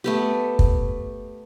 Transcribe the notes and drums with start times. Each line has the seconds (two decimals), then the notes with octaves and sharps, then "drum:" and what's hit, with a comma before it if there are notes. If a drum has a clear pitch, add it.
0.04 A3 B3 G4
0.59 drum: kick